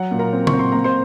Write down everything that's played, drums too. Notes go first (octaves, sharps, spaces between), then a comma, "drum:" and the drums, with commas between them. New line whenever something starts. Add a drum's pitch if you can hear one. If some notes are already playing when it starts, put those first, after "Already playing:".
Already playing: F#3 F#5
A#2
A#4 A#5
C4
C#6, drum: tom C#3
C4
C6
A#3 A#5
C5 C6